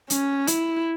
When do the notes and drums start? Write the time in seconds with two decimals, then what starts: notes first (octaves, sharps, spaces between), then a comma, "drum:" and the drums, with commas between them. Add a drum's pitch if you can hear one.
0.10 C#4, drum: hi-hat
0.47 E4, drum: hi-hat